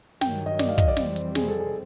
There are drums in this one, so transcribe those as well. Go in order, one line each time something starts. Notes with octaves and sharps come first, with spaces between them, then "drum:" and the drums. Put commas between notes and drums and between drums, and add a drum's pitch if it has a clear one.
G2 D#3 F#3 G5, drum: snare
D#5
D5, drum: snare
F5
D#5, drum: kick, hi-hat
D5
F2 C3 E3 G3 C4, drum: snare
drum: hi-hat
G#4, drum: snare
A4
G#4